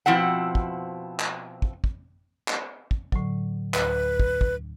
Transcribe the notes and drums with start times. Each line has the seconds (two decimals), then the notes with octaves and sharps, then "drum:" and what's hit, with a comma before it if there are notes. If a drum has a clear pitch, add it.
0.06 B2 F3 C4 E4 F#5
0.55 drum: kick
1.19 drum: clap
1.62 drum: kick
1.84 drum: kick
2.48 drum: clap
2.91 drum: kick
3.12 A2 D3 F#3, drum: kick
3.74 D2 B4, drum: clap
4.20 drum: kick
4.41 drum: kick